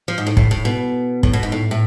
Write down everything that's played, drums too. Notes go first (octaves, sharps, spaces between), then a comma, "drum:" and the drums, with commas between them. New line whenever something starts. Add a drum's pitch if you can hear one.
F3
G#2
A2
A2, drum: kick
A2
B2
A2, drum: kick
B2
G#2
A2
A2